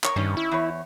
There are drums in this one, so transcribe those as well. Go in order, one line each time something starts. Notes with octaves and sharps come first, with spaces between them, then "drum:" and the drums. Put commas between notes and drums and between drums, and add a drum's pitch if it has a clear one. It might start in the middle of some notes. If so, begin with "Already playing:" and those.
A#4 C#5, drum: clap
G2 D#3 C#4
E4
E2 C#5